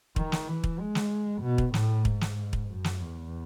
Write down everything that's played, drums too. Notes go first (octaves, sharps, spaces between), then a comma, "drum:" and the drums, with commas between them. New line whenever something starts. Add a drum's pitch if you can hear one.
D#3, drum: kick
drum: snare
E3
drum: kick
G#3
drum: snare
B2
drum: kick
A2, drum: snare
G#2, drum: kick
drum: snare
drum: kick
F#2
drum: snare
E2